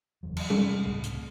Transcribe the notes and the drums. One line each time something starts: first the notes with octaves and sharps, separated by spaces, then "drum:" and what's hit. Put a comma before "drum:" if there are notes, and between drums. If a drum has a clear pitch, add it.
F#1 E2 F#3
drum: cymbal
C3, drum: tom G3
C#2 A2 C3 A3
drum: hi-hat